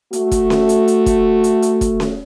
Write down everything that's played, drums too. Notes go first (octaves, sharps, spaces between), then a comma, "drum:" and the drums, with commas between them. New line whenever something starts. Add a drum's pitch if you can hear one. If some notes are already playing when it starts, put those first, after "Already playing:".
A3 F#4, drum: hi-hat
drum: kick, hi-hat
drum: snare C#4
drum: hi-hat
drum: hi-hat
drum: kick, hi-hat
drum: hi-hat
drum: hi-hat
drum: kick, hi-hat
drum: snare C#4